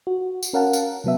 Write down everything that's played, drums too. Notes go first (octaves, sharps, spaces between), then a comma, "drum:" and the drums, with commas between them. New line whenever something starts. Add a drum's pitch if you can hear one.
F#4
drum: tambourine
C#4 A#4 F5 F#5 A5
drum: tambourine
C3 F#3 B3 E5